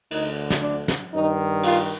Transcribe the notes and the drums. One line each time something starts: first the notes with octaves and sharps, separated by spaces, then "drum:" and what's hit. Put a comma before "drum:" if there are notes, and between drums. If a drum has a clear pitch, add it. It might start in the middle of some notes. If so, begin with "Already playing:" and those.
D2 D3 D#4, drum: cymbal
drum: snare
D4
drum: snare
G2 D#3 D#4
F4, drum: cymbal